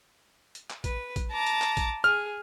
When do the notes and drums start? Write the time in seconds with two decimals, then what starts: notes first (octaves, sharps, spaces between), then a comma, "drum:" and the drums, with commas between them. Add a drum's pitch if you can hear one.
0.55 drum: hi-hat
0.70 drum: clap
0.84 B4, drum: kick A#1, hi-hat
1.16 drum: kick A#1, hi-hat
1.31 A5 A#5 D6
1.46 drum: hi-hat
1.62 drum: clap
1.77 drum: kick A#1, hi-hat
2.04 G#4 F6